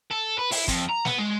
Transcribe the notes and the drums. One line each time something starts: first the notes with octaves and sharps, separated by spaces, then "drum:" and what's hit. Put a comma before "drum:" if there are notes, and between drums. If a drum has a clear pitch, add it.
A4
B4
E4, drum: open hi-hat
F2, drum: kick, hi-hat
A#5
B3, drum: snare
G#3